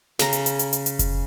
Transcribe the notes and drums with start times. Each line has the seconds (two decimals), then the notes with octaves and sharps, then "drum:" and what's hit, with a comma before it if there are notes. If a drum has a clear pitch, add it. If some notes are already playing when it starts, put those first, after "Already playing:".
0.19 C#3 A#5, drum: snare
0.33 drum: hi-hat
0.46 drum: hi-hat
0.59 drum: hi-hat
0.73 drum: hi-hat
0.86 drum: hi-hat
0.99 drum: kick F1, hi-hat